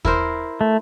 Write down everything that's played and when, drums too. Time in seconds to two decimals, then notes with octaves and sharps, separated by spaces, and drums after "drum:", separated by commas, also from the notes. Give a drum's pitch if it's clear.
0.05 E4 A#4 C5, drum: kick
0.61 A3